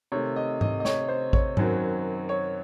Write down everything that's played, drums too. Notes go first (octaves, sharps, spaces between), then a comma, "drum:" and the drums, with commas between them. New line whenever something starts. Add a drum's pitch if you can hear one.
C3 D#3 A3 C#5
D#5
D#5, drum: tom G#2
D#5
C#5, drum: snare
C5
C#5, drum: kick A1
F#2 D#3 F#3 C4, drum: tom G#2
C#5